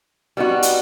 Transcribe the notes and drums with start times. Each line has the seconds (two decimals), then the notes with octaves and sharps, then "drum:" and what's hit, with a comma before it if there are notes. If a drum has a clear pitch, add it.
0.37 G3 B3 D#4 F#4
0.63 drum: hi-hat